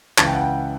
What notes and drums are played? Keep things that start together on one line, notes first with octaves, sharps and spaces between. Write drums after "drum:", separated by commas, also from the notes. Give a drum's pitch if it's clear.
C#2 C#3 E3 A5, drum: clap
G5
F#5
G5